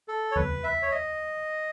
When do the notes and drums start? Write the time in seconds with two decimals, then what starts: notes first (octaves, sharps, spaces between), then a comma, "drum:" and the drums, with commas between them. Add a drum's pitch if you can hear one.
0.08 A4
0.31 C#5
0.36 B4, drum: tom E2
0.64 E5
0.82 C#5
0.91 D#5